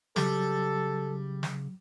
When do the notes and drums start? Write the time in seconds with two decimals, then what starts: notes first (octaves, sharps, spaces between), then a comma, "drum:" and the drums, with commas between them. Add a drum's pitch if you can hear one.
0.16 C#3 F#3 G3 A4, drum: snare
1.43 drum: snare